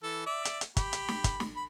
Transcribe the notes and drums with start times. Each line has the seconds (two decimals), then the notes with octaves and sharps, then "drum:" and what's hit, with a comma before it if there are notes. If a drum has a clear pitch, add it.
0.03 E3 A4
0.26 D5 E5
0.45 drum: hi-hat
0.61 drum: hi-hat
0.77 G4 B5, drum: kick, hi-hat
0.93 drum: hi-hat
1.08 drum: snare
1.24 drum: kick, hi-hat
1.40 drum: snare
1.56 B5